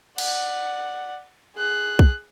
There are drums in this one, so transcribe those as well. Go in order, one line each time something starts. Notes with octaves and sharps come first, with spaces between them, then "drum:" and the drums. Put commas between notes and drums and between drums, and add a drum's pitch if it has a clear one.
D5 F#5, drum: cymbal
G#4 F#6
drum: kick B1